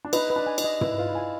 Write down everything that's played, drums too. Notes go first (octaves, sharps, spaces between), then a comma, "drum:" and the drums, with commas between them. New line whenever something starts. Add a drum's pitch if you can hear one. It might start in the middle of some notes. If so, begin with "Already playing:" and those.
D4
D#4 B4, drum: cymbal
B4
D4
G#5
D#4, drum: cymbal
D#5
E4 B4, drum: tom
F4 B4
E4
F4 G#5